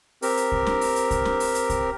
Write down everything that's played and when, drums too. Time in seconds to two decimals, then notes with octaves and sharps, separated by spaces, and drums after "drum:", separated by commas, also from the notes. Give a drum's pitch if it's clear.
0.22 C4 G4 A#4, drum: open hi-hat
0.37 drum: hi-hat
0.52 drum: kick C2
0.67 drum: snare
0.81 drum: open hi-hat
0.96 drum: hi-hat
1.11 drum: kick C2, hi-hat
1.25 drum: snare
1.40 drum: open hi-hat
1.55 drum: hi-hat
1.70 drum: kick C2, hi-hat